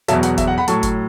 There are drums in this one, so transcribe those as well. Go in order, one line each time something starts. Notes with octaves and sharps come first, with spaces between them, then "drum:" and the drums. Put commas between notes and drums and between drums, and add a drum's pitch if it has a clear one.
E2 B2 F#3 E5 A5, drum: hi-hat
F#5, drum: hi-hat
E5, drum: kick F#1, hi-hat
F#5
F#5 B5
A2 F#3 A5 C#6, drum: hi-hat
drum: kick F#1, hi-hat